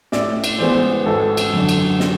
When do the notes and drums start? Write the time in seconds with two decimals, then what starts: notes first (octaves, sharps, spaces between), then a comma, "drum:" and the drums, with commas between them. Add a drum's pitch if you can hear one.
0.12 A2 D5 E5, drum: snare
0.44 drum: cymbal
0.59 E3 G#3 B3 C5 D5
1.06 G#1 A4
1.37 drum: cymbal
1.53 F#2 D3
1.69 drum: cymbal
2.00 drum: snare